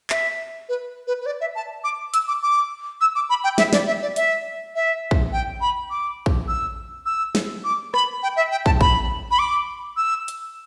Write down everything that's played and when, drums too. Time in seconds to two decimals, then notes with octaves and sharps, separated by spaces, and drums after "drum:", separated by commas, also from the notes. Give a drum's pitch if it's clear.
0.10 E5, drum: clap
0.69 B4
1.07 B4
1.21 B4
1.26 D5
1.41 E5
1.55 A5
1.84 D6
2.14 E6, drum: hi-hat
2.28 D6
2.43 D6
3.01 E6
3.15 D6
3.29 B5
3.44 G5
3.58 E5, drum: snare
3.73 D5, drum: snare
3.88 E5
4.02 D5
4.16 E5, drum: hi-hat
4.75 E5
5.11 drum: kick
5.32 G5
5.61 B5
5.90 D6
6.26 drum: kick
6.48 E6
7.06 E6
7.35 drum: snare
7.64 D6
7.94 B5, drum: rim click
8.23 G5
8.36 E5
8.51 G5
8.66 A5, drum: kick
8.81 B5, drum: kick
9.31 B5
9.39 D6
9.97 E6
10.28 drum: hi-hat